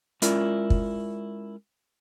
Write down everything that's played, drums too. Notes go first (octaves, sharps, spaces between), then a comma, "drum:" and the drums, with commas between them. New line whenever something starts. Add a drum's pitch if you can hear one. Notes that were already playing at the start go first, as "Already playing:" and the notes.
G#3 C#4 E4 F4 A#4 D5, drum: hi-hat
drum: kick